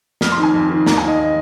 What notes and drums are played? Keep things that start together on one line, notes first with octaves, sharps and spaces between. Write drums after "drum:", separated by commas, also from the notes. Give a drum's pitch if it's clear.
F2 F6, drum: snare
C6
D#3
G#5
F2
D#3
D#2 A#5, drum: snare
G#5
D#3
D#5
D#5